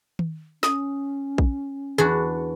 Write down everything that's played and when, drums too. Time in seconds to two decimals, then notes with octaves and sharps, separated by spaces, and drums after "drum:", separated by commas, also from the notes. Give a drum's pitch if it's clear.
0.19 drum: tom D#3
0.63 C#4 D#6, drum: snare
1.38 drum: kick A#1
1.98 E2 D4 F#4 G#4